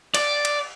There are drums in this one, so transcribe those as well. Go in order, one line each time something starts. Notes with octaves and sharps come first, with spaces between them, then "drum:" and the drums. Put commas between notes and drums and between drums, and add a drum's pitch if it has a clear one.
D5, drum: cymbal
drum: cymbal